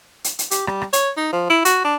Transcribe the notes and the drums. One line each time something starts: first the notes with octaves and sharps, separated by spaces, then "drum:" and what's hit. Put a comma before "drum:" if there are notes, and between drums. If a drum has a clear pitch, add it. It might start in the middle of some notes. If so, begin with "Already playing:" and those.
drum: hi-hat
drum: hi-hat
G4, drum: hi-hat
G3, drum: rim click
drum: rim click
C#5, drum: hi-hat
D#4
F3
E4
F#4, drum: hi-hat
D4